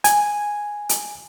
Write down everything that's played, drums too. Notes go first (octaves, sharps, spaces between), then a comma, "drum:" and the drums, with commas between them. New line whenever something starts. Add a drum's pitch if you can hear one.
G#5, drum: hi-hat
drum: hi-hat